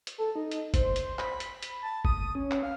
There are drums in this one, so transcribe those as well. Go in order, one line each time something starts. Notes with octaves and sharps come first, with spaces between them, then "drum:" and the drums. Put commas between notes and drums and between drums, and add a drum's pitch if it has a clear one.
drum: hi-hat
A4
D#4
drum: hi-hat
C5, drum: kick G1, hi-hat
drum: hi-hat
B5, drum: clap
drum: hi-hat
drum: hi-hat
A5
D#6, drum: kick G1
C#4
drum: clap
F5